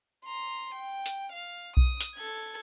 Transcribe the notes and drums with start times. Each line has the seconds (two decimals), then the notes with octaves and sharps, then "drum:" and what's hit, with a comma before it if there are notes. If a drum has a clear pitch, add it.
0.24 A#5 C6
0.75 G5
1.06 drum: hi-hat
1.32 F5
1.77 D#6, drum: kick B1
2.01 drum: hi-hat
2.16 A4 G#6